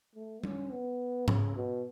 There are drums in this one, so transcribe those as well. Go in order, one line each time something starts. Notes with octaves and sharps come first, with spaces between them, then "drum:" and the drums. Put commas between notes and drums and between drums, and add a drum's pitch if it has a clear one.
A3
C#4, drum: tom G3
B3
C#3, drum: tom G#2
B2